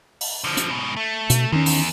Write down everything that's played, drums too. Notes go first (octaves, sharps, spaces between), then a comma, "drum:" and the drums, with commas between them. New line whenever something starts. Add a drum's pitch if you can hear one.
drum: open hi-hat
D3 F3
drum: hi-hat
G#2 B2
A3
B2, drum: hi-hat
E2 D#3 C#4
drum: open hi-hat